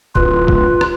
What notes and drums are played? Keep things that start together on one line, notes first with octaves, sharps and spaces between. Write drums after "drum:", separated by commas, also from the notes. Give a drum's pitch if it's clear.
D1 F4 B4, drum: kick
drum: kick
drum: rim click